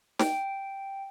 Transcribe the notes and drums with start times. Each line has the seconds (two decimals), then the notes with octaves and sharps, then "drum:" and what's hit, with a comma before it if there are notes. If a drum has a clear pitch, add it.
0.19 G5, drum: snare